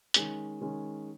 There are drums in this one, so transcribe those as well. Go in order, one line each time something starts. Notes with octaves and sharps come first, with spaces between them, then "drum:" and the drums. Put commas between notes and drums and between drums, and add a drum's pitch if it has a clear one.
D#3 G#3 C#4, drum: hi-hat
D#3 G#3 C#4